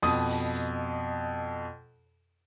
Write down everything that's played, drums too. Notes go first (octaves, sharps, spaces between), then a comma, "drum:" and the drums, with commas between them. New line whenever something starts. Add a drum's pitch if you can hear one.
F2 B2 D#6, drum: open hi-hat
drum: open hi-hat
drum: hi-hat